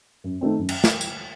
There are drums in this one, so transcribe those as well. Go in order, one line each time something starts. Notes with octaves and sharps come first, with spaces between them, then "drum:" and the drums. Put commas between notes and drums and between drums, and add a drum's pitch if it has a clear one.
F#2
D#3 A3 C4
F#2
drum: cymbal
drum: snare
drum: tambourine